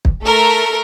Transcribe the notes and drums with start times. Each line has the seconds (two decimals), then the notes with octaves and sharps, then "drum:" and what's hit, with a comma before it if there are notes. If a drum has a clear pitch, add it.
0.05 drum: kick
0.25 A3 A4 A#4